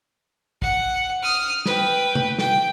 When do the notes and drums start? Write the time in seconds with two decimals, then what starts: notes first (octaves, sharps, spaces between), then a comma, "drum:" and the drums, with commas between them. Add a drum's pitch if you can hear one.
0.62 F#5, drum: kick
1.23 D#6 F6
1.66 B4 G5, drum: snare
2.15 drum: tom C3
2.39 G5, drum: snare